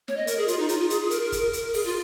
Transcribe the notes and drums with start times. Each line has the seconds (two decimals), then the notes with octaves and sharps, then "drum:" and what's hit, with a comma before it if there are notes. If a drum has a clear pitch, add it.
0.08 C#5, drum: snare
0.17 D#5
0.27 A#4, drum: hi-hat
0.38 G#4
0.48 F4, drum: hi-hat
0.59 D#4
0.69 F4, drum: hi-hat
0.80 F4
0.90 G#4, drum: hi-hat
1.01 G#4
1.11 A#4, drum: hi-hat
1.22 A#4
1.32 drum: kick F#1, hi-hat
1.53 drum: hi-hat
1.74 G#4, drum: open hi-hat
1.85 F4